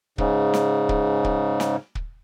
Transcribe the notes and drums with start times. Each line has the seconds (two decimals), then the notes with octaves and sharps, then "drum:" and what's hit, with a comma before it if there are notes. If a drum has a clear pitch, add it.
0.18 G#2 C#3, drum: kick
0.54 drum: snare
0.89 drum: kick
1.24 drum: kick
1.60 drum: snare
1.95 drum: kick